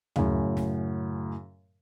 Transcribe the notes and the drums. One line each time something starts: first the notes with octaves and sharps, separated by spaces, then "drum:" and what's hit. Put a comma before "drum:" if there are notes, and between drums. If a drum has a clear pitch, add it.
F#2 A2 C#3, drum: tom
drum: snare